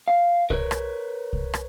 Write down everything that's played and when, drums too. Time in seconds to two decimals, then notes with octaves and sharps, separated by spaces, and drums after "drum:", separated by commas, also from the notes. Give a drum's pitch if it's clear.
0.08 F5
0.50 A#4 B4 C#5, drum: kick C2
0.71 drum: rim click
1.33 drum: kick C2
1.54 drum: rim click